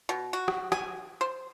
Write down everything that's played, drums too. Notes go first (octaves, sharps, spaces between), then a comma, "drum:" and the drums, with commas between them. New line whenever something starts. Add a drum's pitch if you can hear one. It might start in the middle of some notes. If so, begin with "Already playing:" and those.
B2
F#4
drum: rim click
G#5, drum: rim click
C5